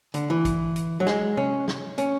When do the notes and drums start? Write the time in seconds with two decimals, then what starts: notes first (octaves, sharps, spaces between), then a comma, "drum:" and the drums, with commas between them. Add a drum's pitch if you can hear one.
0.14 D3, drum: hi-hat
0.30 E3
0.45 drum: kick, hi-hat
0.76 drum: hi-hat
1.00 F#3
1.07 G#3, drum: snare
1.37 C#4, drum: tom C3
1.68 drum: snare
1.98 C#4, drum: hi-hat